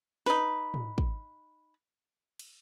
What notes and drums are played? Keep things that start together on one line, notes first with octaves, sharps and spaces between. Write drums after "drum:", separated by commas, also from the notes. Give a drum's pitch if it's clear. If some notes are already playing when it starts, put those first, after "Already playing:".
D#4 B4, drum: snare
drum: tom
drum: kick
drum: cymbal